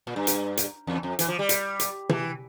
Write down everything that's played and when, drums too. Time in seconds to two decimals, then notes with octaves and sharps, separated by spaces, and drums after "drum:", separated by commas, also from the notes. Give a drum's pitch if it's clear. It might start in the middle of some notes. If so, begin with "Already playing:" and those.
0.07 A#2
0.16 G2
0.27 drum: hi-hat
0.57 drum: hi-hat
0.87 E2
1.03 F2
1.19 E3, drum: hi-hat
1.28 F3
1.39 G3
1.49 drum: hi-hat
1.80 drum: hi-hat
2.09 E3, drum: tom